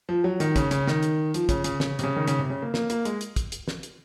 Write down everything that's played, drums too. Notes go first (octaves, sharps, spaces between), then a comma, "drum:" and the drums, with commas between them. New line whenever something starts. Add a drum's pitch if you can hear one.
F3
F#3
D#3, drum: hi-hat
C#3, drum: kick, hi-hat
C#3, drum: hi-hat
D#3, drum: snare
drum: hi-hat
F3, drum: hi-hat
C#3, drum: kick, hi-hat
C#3, drum: hi-hat
C#3, drum: snare
C3, drum: hi-hat
C#3
D#3
C#3, drum: hi-hat
C3
C#3
A#3
A#3, drum: snare
A#3, drum: hi-hat
G#3, drum: hi-hat
drum: hi-hat
drum: kick, hi-hat
drum: hi-hat
drum: snare
drum: hi-hat